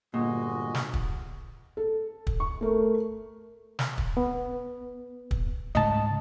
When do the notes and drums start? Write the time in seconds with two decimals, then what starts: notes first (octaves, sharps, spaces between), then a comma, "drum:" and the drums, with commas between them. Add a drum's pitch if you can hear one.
0.14 G1 A#2 G#3 F#4 D#5
0.75 drum: snare
0.94 drum: kick
1.77 A4
2.27 drum: kick
2.40 C#6
2.61 A3 A#4
3.79 drum: snare
3.98 drum: kick
4.17 B3
5.31 drum: kick
5.75 G#2 C#3 D#5 A5